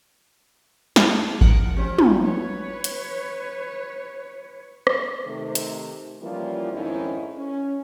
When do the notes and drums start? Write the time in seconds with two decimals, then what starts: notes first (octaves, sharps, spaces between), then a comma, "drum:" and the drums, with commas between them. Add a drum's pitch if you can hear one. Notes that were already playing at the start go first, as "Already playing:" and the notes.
0.96 G#4 A5, drum: snare
1.41 F3 A#4 F#5, drum: kick G#1
1.77 C4 C#4 G4
1.99 drum: tom
2.24 B4 C#5
2.84 drum: hi-hat
4.87 drum: rim click
5.26 C3 D#3 A3
5.55 drum: hi-hat
6.21 E3 F3 G3 A#3 C#4 F4
6.72 F2 G#2 D#3 C#4 D#4 E4
7.36 C#4